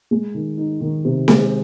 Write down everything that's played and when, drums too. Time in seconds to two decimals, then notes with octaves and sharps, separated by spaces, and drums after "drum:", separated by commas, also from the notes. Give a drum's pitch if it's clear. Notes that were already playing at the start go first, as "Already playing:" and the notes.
0.11 G#3
0.34 D#3
0.58 D#4
0.81 D#3
1.05 C3
1.28 G#3, drum: snare C4